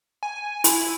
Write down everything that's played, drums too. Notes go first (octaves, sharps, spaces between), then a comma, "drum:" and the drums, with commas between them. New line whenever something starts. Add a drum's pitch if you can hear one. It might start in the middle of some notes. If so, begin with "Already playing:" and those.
G#5
E4, drum: hi-hat